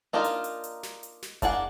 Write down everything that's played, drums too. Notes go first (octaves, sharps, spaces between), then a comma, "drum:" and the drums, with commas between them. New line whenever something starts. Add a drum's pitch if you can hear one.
A#3 D4 D#4 F4 A#4
drum: hi-hat
drum: hi-hat
drum: hi-hat
drum: snare
drum: hi-hat
drum: snare
A#3 D4 G#4 F#5, drum: kick F1, hi-hat